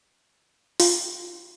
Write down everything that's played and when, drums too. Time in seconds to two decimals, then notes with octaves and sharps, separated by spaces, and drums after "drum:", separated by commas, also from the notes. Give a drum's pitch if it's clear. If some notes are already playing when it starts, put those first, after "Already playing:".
0.80 F4, drum: open hi-hat